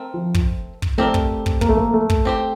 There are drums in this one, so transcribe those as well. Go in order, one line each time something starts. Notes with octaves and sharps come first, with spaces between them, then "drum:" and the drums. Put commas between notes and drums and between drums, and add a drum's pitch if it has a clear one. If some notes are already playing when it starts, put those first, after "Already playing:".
Already playing: A3 C4 A#4
F3
drum: kick
drum: kick
A3 C4 G4 A#4 D5
drum: kick
drum: kick
A#3, drum: kick
A3
A#3
A3
drum: kick
C4 G4 C5